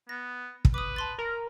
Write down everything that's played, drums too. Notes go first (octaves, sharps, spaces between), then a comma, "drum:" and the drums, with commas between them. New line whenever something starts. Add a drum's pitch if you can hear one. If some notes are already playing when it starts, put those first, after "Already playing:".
B3 A#6
drum: kick
B4 D6 D#6
A5 C6 A6
A#4 A#5